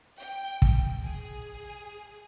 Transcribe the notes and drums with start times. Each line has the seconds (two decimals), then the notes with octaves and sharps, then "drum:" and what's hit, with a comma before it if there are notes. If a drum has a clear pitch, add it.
0.19 G5
0.62 drum: kick
1.04 G#4